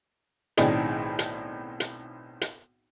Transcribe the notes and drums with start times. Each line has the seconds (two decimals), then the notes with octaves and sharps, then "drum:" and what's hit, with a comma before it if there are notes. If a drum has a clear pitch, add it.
0.57 B1 A2 D#3 C4 D4 G#4, drum: hi-hat
1.19 drum: hi-hat
1.80 drum: hi-hat
2.41 drum: hi-hat